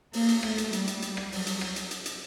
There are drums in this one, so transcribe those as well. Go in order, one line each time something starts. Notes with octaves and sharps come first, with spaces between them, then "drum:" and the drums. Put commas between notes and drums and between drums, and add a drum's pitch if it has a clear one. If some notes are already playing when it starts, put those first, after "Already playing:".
A#3, drum: open hi-hat
drum: hi-hat
A3, drum: rim click
drum: hi-hat
G3, drum: hi-hat
drum: hi-hat
drum: hi-hat
drum: rim click
F#3, drum: open hi-hat
drum: hi-hat
drum: rim click
drum: hi-hat
drum: hi-hat
drum: hi-hat